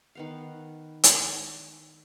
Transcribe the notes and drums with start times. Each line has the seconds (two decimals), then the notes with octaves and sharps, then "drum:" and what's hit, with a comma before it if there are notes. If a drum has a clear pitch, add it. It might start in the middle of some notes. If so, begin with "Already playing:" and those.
0.15 D#3 B3 F5
1.04 drum: hi-hat